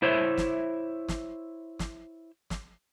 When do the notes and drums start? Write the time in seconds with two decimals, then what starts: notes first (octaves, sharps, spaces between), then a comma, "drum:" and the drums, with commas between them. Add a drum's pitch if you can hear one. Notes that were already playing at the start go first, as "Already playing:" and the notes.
0.02 E4 C5 C#5 E5
0.38 drum: snare
1.08 drum: snare
1.79 drum: snare
2.50 drum: snare